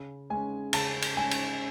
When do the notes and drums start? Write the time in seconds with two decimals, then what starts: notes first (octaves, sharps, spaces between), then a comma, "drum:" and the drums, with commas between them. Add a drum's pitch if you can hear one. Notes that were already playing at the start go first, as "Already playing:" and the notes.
Already playing: C#3
0.30 G#3 C#4 G#5
0.73 C#3 A5, drum: cymbal
1.02 drum: cymbal
1.16 G#3 C#4 G#5
1.31 drum: cymbal